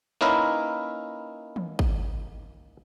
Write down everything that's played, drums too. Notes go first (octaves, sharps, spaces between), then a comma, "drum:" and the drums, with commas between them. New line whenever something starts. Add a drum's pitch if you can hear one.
A#3 C#4 D#4 E4 A#4 B4
drum: tom
drum: kick